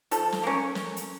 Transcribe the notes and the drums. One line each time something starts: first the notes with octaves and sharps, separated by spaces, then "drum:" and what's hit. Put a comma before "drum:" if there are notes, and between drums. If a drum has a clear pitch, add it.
F3 A4, drum: hi-hat
drum: snare
A#3 C#4
drum: snare
drum: hi-hat